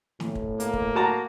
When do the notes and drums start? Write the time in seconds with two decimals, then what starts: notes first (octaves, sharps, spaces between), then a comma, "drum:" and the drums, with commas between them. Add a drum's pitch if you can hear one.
0.20 A2, drum: snare
0.35 drum: kick
0.60 A#3, drum: hi-hat
0.73 drum: kick
0.95 F#4 A5 A#5